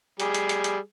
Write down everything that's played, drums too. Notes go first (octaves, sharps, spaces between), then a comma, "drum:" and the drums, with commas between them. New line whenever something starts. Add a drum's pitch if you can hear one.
G3 G#4, drum: hi-hat
drum: hi-hat
drum: hi-hat
drum: hi-hat